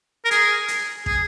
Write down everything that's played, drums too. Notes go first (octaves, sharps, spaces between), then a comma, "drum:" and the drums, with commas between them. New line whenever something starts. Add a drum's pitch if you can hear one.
A#4
G#4, drum: hi-hat
drum: hi-hat
G#4, drum: kick